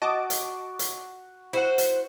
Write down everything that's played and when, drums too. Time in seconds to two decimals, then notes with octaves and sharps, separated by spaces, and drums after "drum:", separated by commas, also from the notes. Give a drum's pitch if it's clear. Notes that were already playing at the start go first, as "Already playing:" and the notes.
0.02 F#4 D#5 A5 D6
0.30 drum: hi-hat
0.79 drum: hi-hat
1.53 E4 F#4 C5 F#5
1.78 drum: hi-hat